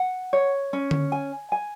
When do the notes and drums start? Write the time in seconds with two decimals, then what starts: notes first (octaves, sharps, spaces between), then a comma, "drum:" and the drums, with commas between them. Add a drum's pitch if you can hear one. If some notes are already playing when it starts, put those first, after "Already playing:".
Already playing: F#5
0.33 C#5
0.73 C#4
0.91 drum: tom D3
1.12 G#5
1.52 G#5